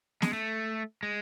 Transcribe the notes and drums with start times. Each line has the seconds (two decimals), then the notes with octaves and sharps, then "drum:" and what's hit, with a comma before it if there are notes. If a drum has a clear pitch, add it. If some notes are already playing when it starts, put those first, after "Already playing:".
0.22 G#3, drum: snare
0.33 A3
1.03 G#3